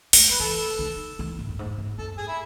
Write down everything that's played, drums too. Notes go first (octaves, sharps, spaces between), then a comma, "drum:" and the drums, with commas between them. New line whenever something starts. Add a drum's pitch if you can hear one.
A3, drum: open hi-hat
G#3
B4
E3 A4
D#3
E3
A2
F#2
G#2
G#2
F#2 A4
G#4
E4